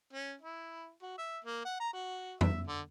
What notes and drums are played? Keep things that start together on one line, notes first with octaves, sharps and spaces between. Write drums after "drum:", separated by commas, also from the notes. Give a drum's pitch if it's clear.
C#4
E4
F#4
E5
A#3
F#5
A#5
F#4
E5, drum: tom F2
D3